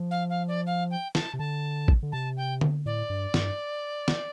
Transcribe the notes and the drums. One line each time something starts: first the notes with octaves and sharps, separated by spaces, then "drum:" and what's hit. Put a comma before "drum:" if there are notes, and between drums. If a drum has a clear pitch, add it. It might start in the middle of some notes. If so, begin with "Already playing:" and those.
Already playing: F3
F5
F5
D5
F5
G5
A5, drum: snare
C3
D3 A5
drum: kick
D3
C3 A5
G5
drum: tom D3
A2 D5
G2
G2, drum: snare
drum: snare